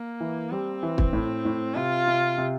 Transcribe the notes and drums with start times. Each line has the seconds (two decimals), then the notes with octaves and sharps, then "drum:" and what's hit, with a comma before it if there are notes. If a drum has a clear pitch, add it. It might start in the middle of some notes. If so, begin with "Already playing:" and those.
Already playing: A#3
0.20 E3
0.51 G3 C4
0.83 E3
0.98 drum: kick
1.13 A2
1.45 A2
1.75 C3 F4
2.07 C3
2.38 C3